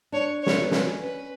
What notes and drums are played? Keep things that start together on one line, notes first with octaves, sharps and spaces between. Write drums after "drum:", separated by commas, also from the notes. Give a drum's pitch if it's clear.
D4 C#5
C#5
G#3, drum: snare
A3
B3
C#4, drum: snare
B4